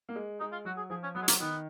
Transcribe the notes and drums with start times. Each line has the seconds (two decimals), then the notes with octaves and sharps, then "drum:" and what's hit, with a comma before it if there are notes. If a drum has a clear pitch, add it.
0.09 A#3
0.16 G#3
0.40 G#3 D#4
0.52 F4
0.65 F#3 F#4
0.77 G#4
0.90 F3 G#4
1.03 C#4
1.15 F#3 B3
1.22 G#3
1.28 A#3, drum: hi-hat
1.40 D#3 B3